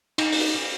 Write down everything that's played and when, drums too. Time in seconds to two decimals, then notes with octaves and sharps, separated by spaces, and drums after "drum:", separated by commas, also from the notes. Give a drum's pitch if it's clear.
0.18 D#4, drum: cymbal
0.32 drum: open hi-hat